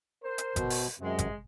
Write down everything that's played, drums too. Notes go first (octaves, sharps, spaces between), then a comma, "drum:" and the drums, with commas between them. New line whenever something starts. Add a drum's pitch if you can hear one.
A#4 C5
drum: hi-hat
B2, drum: kick G#1, hi-hat
drum: open hi-hat
F#2 C3 G#3
drum: kick G#1, hi-hat